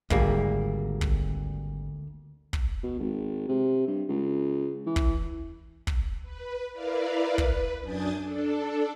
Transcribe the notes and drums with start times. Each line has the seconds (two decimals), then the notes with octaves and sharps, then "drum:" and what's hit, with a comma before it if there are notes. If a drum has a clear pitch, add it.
0.10 G#1 D2 G3 A#3 G#4 E5, drum: kick
1.01 drum: kick
2.53 drum: kick
2.83 B2
2.99 G#1
3.49 C3
3.87 G2
4.09 C#2
4.86 E3
4.96 drum: kick
5.87 drum: kick
6.23 B4
6.72 E4 A#4 B4 D5 F5
7.38 B4, drum: kick
7.81 F#2 D4 G#5 D#6 G6 A6
8.22 D4 A4